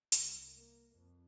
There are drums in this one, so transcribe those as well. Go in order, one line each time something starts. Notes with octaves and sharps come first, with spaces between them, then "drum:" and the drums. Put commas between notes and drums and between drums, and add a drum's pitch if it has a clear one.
C2, drum: hi-hat
A#3
F2